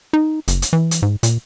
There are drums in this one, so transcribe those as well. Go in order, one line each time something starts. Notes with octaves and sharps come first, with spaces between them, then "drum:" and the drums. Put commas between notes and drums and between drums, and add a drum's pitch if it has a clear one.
D#4
F#1, drum: hi-hat
drum: hi-hat
E3
drum: hi-hat
G#2
A#2, drum: hi-hat